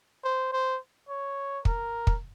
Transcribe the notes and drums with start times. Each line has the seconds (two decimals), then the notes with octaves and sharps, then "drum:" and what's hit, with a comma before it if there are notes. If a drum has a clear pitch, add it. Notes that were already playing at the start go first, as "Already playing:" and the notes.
0.24 C5
0.53 C5
1.09 C#5
1.65 A#4, drum: kick
2.07 drum: kick